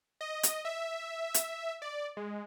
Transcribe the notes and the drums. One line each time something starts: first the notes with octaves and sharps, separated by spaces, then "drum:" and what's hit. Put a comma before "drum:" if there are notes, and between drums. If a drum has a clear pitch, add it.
D#5
drum: hi-hat
E5
drum: hi-hat
D5
G#3